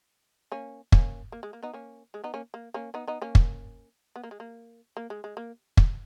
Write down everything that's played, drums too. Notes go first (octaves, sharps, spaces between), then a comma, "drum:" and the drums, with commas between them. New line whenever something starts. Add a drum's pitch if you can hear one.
A#3 C#4
A#3 C#4, drum: kick
A#3
G#3
A#3
B3 D#4
A#3 C#4
G#3
B3 D#4
A#3 C#4
A#3
A#3 C#4
B3 D#4
B3 D#4
A#3 C#4
drum: kick
B3
A#3
G#3
A#3
A#3
G#3
G#3
A#3
drum: kick